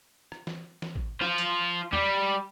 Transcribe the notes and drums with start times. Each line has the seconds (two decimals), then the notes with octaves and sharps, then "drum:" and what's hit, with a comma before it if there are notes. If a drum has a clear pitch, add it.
0.32 drum: rim click
0.47 drum: snare F3
0.82 drum: snare F3
0.96 drum: kick
1.22 F4 C5
1.38 drum: hi-hat
1.93 G3, drum: tom E2